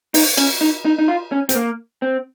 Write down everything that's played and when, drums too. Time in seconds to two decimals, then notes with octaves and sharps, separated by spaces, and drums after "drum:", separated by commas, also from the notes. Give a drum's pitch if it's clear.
0.14 D#4, drum: open hi-hat
0.37 C#4, drum: cymbal
0.61 D#4
0.85 D#4
0.99 D#4
1.08 F4
1.32 C#4
1.49 C4, drum: hi-hat
1.55 A#3
2.02 C4